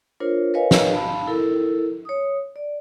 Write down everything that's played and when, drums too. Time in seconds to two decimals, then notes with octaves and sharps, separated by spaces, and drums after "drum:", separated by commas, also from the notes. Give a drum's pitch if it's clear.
0.20 D4 F4 A#4 C5 C#5
0.54 A#4 B4 C#5 D#5 F5 G#5
0.71 drum: snare
0.91 F5 A5 B5
1.27 E4 A4 A#4
2.05 C#5 D#6
2.56 D5